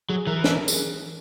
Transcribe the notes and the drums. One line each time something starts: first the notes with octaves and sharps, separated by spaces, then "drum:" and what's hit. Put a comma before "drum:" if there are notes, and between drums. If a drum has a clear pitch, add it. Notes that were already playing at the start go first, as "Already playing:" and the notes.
F#3 G#4
E3 A#4
G#4
A#4, drum: snare
G#4, drum: tambourine